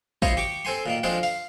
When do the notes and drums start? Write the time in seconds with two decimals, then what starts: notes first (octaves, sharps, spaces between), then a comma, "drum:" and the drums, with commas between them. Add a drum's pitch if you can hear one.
0.22 E4 F4 C5 C#5 D#5 F5, drum: kick
0.37 G4 C#6 D6
0.65 C4 A4 C5 G#5 C6
0.86 A#2 D#3 A#3
1.03 F2 G#3 C4 D4 F4 C5
1.23 F5, drum: open hi-hat